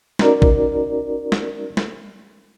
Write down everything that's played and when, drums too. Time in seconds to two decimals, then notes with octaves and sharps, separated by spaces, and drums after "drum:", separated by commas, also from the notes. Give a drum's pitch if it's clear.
0.19 C#4 D#4 F#4 A#4 D5, drum: snare
0.42 drum: kick A1
1.32 drum: snare
1.77 drum: snare